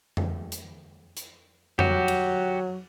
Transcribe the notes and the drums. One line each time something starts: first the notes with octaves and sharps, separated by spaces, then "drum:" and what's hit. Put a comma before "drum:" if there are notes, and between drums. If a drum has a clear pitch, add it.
drum: tom F2
drum: hi-hat
drum: hi-hat
F#3 F#4 G4, drum: tom F2
drum: cymbal